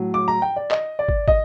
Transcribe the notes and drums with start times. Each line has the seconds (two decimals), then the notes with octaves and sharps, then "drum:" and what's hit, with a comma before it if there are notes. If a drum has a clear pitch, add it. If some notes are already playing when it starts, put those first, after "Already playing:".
Already playing: A2 F#3
0.14 D6
0.28 A#5
0.42 G5
0.56 D5
0.71 D#5, drum: clap
0.99 D5
1.09 drum: kick
1.28 D#5, drum: kick